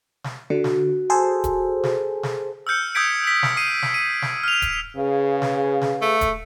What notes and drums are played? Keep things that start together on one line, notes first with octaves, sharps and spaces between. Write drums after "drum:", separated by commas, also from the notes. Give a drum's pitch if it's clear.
drum: snare
D3 F#4
drum: snare
G#4 A4 C5
drum: kick D#1, hi-hat
drum: snare
drum: snare
E6 F6 G6 C#7
D#6 E6 G6 G#6 B6 D7
B6 F#7
drum: snare
D#6 C7 D#7
drum: snare
D#7
drum: snare
F6 F7
drum: kick D#1, hi-hat
C#3 G#4 B4 F5
drum: snare
drum: snare
A3
drum: kick D#1, hi-hat